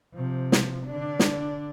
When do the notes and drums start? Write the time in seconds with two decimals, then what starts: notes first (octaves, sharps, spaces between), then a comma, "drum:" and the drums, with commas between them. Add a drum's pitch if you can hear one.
0.15 C3 F3
0.52 drum: snare
0.86 D3 D4
1.19 drum: snare